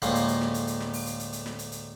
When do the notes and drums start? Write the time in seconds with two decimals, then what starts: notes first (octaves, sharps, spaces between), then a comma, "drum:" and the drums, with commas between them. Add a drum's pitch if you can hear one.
0.02 D2 A2 F3 G#3 A#3, drum: hi-hat
0.15 drum: hi-hat
0.28 drum: hi-hat
0.41 drum: snare
0.54 drum: hi-hat
0.67 drum: hi-hat
0.80 drum: snare
0.93 drum: open hi-hat
1.06 drum: hi-hat
1.19 drum: hi-hat
1.33 drum: hi-hat
1.46 drum: snare
1.59 drum: hi-hat
1.72 drum: hi-hat